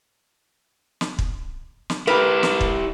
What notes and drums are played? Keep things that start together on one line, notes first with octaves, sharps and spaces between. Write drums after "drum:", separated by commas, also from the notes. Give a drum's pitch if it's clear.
drum: snare
drum: kick
drum: snare
E4 G4 A#4 B4
drum: snare
drum: kick